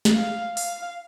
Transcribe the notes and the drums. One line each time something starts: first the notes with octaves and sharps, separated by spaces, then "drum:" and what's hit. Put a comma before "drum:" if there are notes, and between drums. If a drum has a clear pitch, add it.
drum: snare
F5
F5, drum: open hi-hat